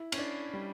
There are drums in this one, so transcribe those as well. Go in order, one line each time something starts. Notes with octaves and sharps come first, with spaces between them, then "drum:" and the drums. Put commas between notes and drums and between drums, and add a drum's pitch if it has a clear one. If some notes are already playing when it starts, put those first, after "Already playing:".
Already playing: E4
C#4, drum: cymbal
D4
G3